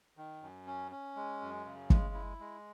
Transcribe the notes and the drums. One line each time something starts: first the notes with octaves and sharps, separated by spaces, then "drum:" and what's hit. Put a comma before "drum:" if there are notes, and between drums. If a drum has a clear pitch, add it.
D#3
F#2
C#4
C#4
G#3
F#2
C#3
G#3, drum: kick
E4
G#3